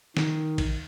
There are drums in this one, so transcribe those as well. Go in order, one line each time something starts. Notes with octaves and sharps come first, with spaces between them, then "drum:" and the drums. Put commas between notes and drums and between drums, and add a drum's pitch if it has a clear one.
D#3, drum: snare
drum: kick A1, cymbal